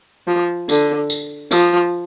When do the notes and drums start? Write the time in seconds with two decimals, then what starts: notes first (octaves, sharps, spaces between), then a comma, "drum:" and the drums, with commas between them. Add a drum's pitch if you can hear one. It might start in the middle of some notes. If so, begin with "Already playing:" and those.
0.27 F3
0.69 D3, drum: tambourine
1.10 drum: tambourine
1.51 F3, drum: tambourine